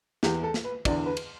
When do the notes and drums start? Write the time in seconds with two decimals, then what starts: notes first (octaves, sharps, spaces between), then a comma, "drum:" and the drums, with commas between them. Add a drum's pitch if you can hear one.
0.23 E2 E3 G4, drum: snare
0.43 A4
0.54 drum: snare
0.65 B4
0.85 E2 D3 D5, drum: kick, cymbal
1.06 B4
1.17 drum: cymbal